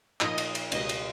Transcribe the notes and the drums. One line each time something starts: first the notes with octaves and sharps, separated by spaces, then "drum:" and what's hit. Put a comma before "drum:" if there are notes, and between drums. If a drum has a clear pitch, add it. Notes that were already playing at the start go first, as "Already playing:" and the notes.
A#2 F3 A#3 D#4 D#5, drum: clap
drum: cymbal
drum: cymbal
C#2 B2 G3 A#3 D#5, drum: cymbal
drum: cymbal